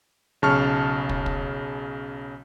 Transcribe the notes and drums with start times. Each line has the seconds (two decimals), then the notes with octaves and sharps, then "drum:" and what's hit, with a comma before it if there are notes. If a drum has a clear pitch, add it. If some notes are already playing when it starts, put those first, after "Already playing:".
0.42 B1 C#3 A5 C#6 F6
1.09 drum: kick
1.26 drum: kick